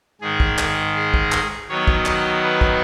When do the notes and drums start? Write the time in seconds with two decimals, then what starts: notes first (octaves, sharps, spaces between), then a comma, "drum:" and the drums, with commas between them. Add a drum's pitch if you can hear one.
0.21 G#2 D#3 G#3 G#4
0.40 drum: kick
0.58 drum: clap
0.96 G#4
1.14 drum: kick
1.32 drum: clap
1.69 D#3 F#3 B3 D#4 C#5
1.87 drum: kick
2.06 D#5, drum: clap
2.43 B4
2.61 drum: kick